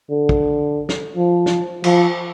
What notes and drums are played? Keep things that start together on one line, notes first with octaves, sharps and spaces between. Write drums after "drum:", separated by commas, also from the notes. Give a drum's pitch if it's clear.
D3
drum: kick
drum: snare
F3
drum: snare
F3, drum: cymbal